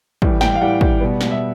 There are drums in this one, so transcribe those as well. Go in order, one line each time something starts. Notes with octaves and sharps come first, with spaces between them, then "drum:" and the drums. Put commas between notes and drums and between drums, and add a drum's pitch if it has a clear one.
A2 E3 G3, drum: kick
G5, drum: snare
F5
A2 E3 G3 F#5
drum: kick
B2 G3 B3
drum: snare
E5